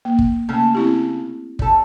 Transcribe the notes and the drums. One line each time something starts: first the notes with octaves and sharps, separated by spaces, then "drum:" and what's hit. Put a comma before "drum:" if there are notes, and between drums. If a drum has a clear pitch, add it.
A#3
drum: kick
C#3 A3 A#3 A4
C4 E4 G4
G3 A4, drum: kick